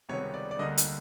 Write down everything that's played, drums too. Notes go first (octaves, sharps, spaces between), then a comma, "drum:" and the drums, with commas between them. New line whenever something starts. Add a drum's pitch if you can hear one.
C#2 C3 D#3 G3 B3 C#5
D5
D5
D2 D3 G3 A#3 D#5
drum: hi-hat